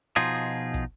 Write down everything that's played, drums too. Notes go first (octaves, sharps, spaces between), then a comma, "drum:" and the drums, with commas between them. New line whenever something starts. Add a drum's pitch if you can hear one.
B2 F3 D#4 F4 G#4
drum: hi-hat
drum: kick, hi-hat